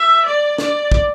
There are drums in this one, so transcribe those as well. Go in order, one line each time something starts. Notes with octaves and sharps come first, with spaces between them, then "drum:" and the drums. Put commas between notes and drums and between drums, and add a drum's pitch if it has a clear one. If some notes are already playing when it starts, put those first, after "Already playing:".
Already playing: E5
D5
D5, drum: snare
drum: kick